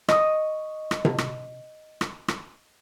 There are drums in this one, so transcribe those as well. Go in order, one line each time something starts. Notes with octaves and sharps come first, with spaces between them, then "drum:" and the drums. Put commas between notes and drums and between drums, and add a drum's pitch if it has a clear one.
D#5 C#6 D#6, drum: rim click
drum: rim click
drum: tom C3
drum: rim click
drum: rim click
drum: rim click